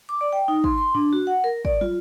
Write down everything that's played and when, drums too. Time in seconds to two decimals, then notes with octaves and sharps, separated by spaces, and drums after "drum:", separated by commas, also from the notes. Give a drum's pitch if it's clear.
0.09 D6
0.21 D5
0.33 G5
0.48 D#4
0.64 C6, drum: kick
0.78 C6
0.95 D4, drum: tom G#2
1.13 F#4
1.27 F#5
1.44 A#4
1.65 D5, drum: kick
1.81 F4, drum: tom